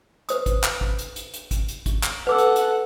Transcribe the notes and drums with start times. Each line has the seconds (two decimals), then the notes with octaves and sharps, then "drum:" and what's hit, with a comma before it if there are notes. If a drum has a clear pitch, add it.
0.29 B4 C5 D#6, drum: hi-hat
0.46 drum: kick, hi-hat
0.64 drum: clap
0.81 drum: kick
0.99 drum: hi-hat
1.16 drum: hi-hat
1.33 drum: hi-hat
1.51 drum: kick, hi-hat
1.68 drum: hi-hat
1.86 drum: kick, hi-hat
2.03 drum: clap
2.27 A4 B4 F#5 D6 E6
2.38 drum: hi-hat
2.56 drum: hi-hat